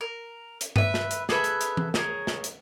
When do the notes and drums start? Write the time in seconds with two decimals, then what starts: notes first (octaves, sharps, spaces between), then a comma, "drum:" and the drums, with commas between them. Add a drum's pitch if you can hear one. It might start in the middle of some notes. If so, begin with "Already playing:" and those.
0.01 A#4
0.61 drum: hi-hat
0.76 B4 E5, drum: tom G2
0.94 drum: snare
1.11 drum: hi-hat
1.29 G#4 A4 B4 E5, drum: snare
1.44 drum: hi-hat
1.61 drum: hi-hat
1.77 drum: tom E3
1.94 G#4 A#4 C#5, drum: snare
2.27 drum: snare
2.44 drum: hi-hat